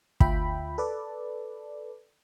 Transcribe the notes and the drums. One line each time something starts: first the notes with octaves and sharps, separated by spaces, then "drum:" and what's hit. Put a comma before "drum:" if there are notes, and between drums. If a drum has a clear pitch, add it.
D2 F4 E5 G5 B5, drum: kick
A4 B4 D5